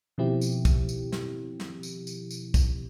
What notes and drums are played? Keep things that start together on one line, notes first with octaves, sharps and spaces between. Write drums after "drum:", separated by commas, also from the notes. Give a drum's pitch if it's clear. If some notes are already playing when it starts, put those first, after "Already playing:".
B2 D#3 F3 C4 E4 G4
drum: tambourine
drum: kick B1, tambourine
drum: tambourine
drum: snare
drum: snare
drum: tambourine
drum: tambourine
drum: tambourine
drum: kick B1, tambourine